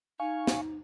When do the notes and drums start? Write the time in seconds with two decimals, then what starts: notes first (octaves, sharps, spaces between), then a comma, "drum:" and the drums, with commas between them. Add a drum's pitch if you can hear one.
0.20 D#4 F5 G#5 C#6
0.47 drum: snare